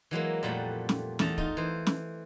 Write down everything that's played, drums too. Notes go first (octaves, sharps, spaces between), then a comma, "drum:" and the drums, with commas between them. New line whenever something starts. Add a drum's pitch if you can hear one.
E3 F#3 G#3 A#3
F2 A#2 G3 A3 F#5
drum: snare
E2 A3 A5 A#5, drum: snare
D#4 F4, drum: kick
E3 C5
drum: snare